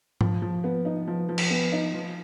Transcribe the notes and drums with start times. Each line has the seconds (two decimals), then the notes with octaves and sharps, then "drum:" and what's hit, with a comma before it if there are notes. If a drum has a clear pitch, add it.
0.21 F3, drum: tom G#2
0.42 F3
0.64 B3
0.85 D#4
1.08 F3
1.29 F3
1.38 drum: cymbal
1.50 B3
1.72 D#4
1.94 F3